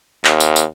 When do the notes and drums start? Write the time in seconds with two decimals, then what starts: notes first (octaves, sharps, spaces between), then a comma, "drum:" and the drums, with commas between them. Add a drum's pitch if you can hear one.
0.25 D#2, drum: clap
0.40 drum: tambourine
0.56 drum: tambourine